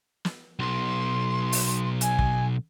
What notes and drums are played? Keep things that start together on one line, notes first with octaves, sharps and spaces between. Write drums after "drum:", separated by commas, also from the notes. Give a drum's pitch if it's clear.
drum: snare
B1 C6
drum: open hi-hat
G#5, drum: hi-hat
drum: kick